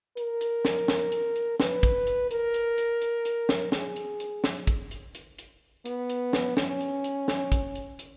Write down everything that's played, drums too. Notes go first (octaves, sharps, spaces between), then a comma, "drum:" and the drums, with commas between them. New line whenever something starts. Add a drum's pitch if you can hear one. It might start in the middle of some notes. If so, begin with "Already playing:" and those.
A#4, drum: hi-hat
drum: hi-hat
drum: snare
drum: snare
drum: hi-hat
drum: hi-hat
B4, drum: snare
drum: kick, hi-hat
drum: hi-hat
A#4, drum: hi-hat
drum: hi-hat
drum: hi-hat
drum: hi-hat
drum: hi-hat
drum: snare
G#4, drum: snare
drum: hi-hat
drum: hi-hat
drum: snare
drum: kick, hi-hat
drum: hi-hat
drum: hi-hat
drum: hi-hat
B3, drum: hi-hat
drum: hi-hat
drum: snare
C#4, drum: snare
drum: hi-hat
drum: hi-hat
drum: snare
drum: kick, hi-hat
drum: hi-hat
drum: hi-hat